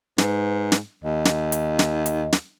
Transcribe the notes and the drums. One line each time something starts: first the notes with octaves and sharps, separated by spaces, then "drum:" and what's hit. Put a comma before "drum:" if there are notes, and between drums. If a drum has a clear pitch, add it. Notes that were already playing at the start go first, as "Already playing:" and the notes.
G#2 B4, drum: snare
drum: snare
D#2 D#5
drum: snare
drum: hi-hat
drum: snare
drum: hi-hat
drum: snare